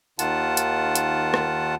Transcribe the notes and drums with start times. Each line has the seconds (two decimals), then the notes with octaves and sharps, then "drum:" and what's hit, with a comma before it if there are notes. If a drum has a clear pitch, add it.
0.19 D#2 D#3 F4 F#5 A5, drum: hi-hat
0.57 drum: hi-hat
0.95 drum: hi-hat
1.34 drum: rim click